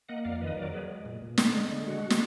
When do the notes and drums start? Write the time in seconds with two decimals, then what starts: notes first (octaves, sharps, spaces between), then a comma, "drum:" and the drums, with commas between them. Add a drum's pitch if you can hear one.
0.09 A#3 D#5 F#5
0.25 F2 D5 F5
0.41 D#3 B4 D#5
0.57 F#3 A#4 D5
0.73 F#3 G#4 B4
0.90 G#3
1.05 A#2
1.22 A#2
1.38 D3, drum: snare
1.54 G#3
1.71 D3
1.86 G#3 F#4
2.10 drum: snare